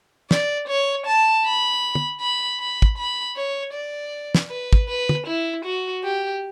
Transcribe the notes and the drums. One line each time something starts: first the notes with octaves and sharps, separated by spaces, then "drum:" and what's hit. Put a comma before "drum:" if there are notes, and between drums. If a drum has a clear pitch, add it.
D5, drum: snare
C#5
A5
B5
drum: tom
B5
B5
drum: kick
B5
C#5
D5
drum: snare
B4
drum: kick
B4
drum: tom
E4
F#4
G4